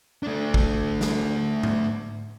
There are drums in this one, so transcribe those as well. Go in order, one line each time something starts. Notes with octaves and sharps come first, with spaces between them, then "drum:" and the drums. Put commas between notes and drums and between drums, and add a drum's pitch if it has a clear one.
A3 D4
drum: kick
drum: snare
drum: tom G#2